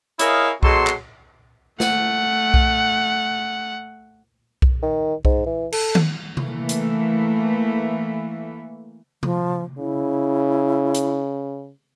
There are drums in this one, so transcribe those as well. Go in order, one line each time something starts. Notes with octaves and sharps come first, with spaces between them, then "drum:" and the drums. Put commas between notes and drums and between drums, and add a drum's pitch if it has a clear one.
E4 G#4 A#4 C#5 D#5 F5, drum: hi-hat
B2 F#3 G#3 A4 C6, drum: kick B1
drum: clap
A3 F#5, drum: snare
drum: kick B1
drum: kick B1
D#3
G#2, drum: kick B1
E3
A4, drum: cymbal
drum: tom D#3
E3 A3 A#3, drum: tom C3
drum: hi-hat
F3, drum: tom C3
C#3 E4
drum: hi-hat